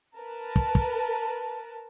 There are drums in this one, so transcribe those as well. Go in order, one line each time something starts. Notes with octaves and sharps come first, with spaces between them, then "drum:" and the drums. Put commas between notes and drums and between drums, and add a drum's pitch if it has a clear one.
A#4 B4 A5
drum: kick
drum: kick